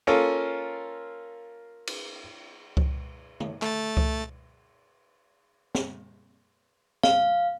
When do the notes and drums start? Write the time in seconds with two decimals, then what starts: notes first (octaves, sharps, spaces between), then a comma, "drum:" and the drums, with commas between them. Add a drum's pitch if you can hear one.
0.07 A#3 C#4 F4 A4 A#4
1.87 drum: cymbal
2.77 drum: kick C#2
3.40 drum: tom
3.62 A3 A6, drum: clap
3.97 drum: kick C#2
5.75 drum: snare
7.03 F5, drum: snare